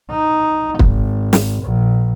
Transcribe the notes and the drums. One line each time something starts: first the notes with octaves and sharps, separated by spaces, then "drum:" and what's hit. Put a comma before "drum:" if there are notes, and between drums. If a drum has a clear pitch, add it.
D#4
G#1, drum: kick
drum: snare
A#1